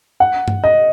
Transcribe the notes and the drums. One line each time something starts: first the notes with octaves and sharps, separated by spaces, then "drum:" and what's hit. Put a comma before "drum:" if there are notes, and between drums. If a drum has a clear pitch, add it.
F#5
drum: tom G2
D#5